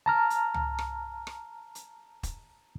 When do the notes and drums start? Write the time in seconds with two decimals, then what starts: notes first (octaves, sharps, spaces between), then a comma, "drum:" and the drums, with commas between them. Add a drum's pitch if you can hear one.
0.06 A5 A#5 F6
0.30 drum: hi-hat
0.54 drum: tom
0.79 drum: rim click
1.27 drum: rim click
1.75 drum: hi-hat
2.23 drum: kick, hi-hat